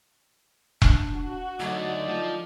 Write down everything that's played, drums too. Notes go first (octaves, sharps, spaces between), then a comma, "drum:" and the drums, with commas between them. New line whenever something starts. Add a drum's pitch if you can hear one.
D4, drum: kick E1
F#4
D2 D3 F#3 A3 D#4 D5
F3